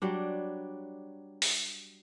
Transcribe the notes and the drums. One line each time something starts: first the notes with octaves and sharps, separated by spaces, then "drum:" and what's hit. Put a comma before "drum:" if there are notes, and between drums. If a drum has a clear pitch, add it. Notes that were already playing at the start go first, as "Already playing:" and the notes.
F#3 G3 D4
drum: open hi-hat